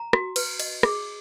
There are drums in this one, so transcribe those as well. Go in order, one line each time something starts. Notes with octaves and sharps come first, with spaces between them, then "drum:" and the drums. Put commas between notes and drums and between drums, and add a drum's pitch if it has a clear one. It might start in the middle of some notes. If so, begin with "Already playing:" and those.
Already playing: A#5
F#4, drum: rim click
B4, drum: cymbal
D#5, drum: cymbal
G#4, drum: rim click